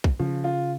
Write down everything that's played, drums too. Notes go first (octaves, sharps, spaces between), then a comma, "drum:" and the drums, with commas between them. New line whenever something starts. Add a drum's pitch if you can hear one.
drum: kick
C#3 F3
F4